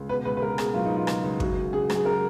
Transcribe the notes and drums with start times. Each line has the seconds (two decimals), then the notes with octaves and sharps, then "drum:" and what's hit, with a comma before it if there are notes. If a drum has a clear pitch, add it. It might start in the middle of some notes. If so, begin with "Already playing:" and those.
Already playing: C#2
0.09 B2 B4
0.25 C#2 B4
0.37 B4
0.42 C#2 A#4
0.58 B2 G#4, drum: rim click
0.74 F#3 F4
0.85 D#4
0.91 F#3
0.96 F4
1.07 C#2, drum: rim click
1.24 C#2
1.40 F#2 F#4, drum: kick
1.56 C#3
1.73 C#3 G#4
1.90 F#3, drum: rim click
1.95 G#4
2.05 C#3 A#4